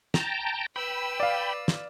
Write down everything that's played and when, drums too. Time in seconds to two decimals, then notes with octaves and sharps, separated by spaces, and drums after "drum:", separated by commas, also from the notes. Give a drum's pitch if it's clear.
0.14 G5 A5 A#5, drum: snare
0.76 B4 G5 B5 E6
1.20 D5 F5
1.68 drum: snare